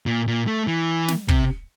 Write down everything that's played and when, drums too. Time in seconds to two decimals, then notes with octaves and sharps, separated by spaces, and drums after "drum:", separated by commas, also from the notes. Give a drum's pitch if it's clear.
0.06 A#2
0.27 A#2
0.47 A3
0.67 E3
1.08 drum: snare
1.29 C3, drum: kick